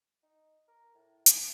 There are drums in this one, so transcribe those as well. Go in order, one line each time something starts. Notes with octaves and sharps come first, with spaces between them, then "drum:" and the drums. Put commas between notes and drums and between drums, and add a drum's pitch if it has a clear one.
D#4
A#4
A2
C3, drum: hi-hat